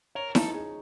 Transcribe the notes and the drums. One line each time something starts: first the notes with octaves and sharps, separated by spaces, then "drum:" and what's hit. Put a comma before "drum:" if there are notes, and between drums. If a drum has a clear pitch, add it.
A#4 C#5
D#4 A4, drum: snare E4
G#4